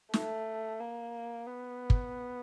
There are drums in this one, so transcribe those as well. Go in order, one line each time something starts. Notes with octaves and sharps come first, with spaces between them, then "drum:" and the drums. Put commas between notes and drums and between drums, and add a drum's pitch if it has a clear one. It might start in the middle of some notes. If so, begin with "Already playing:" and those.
A3, drum: snare
A#3
B3
drum: kick